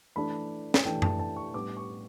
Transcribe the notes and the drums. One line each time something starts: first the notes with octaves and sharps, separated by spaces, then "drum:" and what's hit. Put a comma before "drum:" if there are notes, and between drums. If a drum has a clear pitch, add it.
E3 A3 D4 B5
drum: snare
E3 A3 D4 G5
A5, drum: tom F#2
A5
C#6
A2 G3 B3 D4 D6
C#6